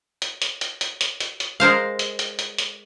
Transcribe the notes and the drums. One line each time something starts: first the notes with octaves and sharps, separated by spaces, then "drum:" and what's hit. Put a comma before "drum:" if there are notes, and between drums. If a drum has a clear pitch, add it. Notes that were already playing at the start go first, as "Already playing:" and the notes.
drum: hi-hat
drum: hi-hat
drum: hi-hat
drum: hi-hat
drum: hi-hat
drum: hi-hat
drum: hi-hat
G#3 A#4 C5 F5
drum: hi-hat
drum: hi-hat
drum: hi-hat
drum: hi-hat